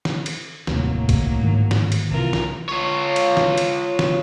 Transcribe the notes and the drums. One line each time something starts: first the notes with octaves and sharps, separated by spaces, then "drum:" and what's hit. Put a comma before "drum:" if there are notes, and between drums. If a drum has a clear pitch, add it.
drum: snare
drum: cymbal
D#1 C2 A2 F#3 A#3, drum: snare
drum: kick, cymbal
G#2 D#3
drum: snare
drum: cymbal
C2 E3 F4 A#4
drum: snare
F4 C#5
drum: cymbal
drum: snare
drum: cymbal
drum: snare